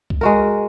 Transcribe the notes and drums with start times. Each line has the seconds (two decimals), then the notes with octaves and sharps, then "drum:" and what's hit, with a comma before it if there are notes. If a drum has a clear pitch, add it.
0.10 drum: kick C2
0.21 G#3 F#4 A#4